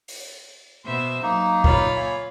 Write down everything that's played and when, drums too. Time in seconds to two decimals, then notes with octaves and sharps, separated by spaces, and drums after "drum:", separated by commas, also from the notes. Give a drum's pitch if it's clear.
0.08 drum: open hi-hat
0.85 B2 C5 E5
1.23 F#3 A#3 D#4
1.64 F4 C#5 B5, drum: kick D2
1.96 A#3 E5 G#5